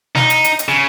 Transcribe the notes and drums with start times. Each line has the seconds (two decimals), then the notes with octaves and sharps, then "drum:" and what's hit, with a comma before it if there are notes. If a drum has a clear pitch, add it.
0.15 D#4, drum: snare
0.30 drum: hi-hat
0.44 drum: hi-hat
0.59 drum: hi-hat
0.68 C#3